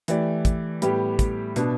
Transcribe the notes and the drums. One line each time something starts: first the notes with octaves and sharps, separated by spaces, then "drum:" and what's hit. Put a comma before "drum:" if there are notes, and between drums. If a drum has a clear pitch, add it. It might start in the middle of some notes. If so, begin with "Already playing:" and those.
E3 A3 G4 D5, drum: hi-hat
drum: kick, hi-hat
A2 G3 B3 G4, drum: hi-hat
drum: kick, hi-hat
B2 B3 D4, drum: hi-hat